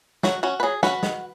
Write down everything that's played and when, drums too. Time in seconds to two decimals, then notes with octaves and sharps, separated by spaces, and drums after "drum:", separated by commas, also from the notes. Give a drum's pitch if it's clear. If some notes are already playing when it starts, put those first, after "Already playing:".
0.23 F#3 F#4, drum: snare
0.43 C#4 F#4
0.60 B4
0.63 F#3 G#4
0.83 C#4 F#4 B4, drum: snare
1.03 D#3, drum: snare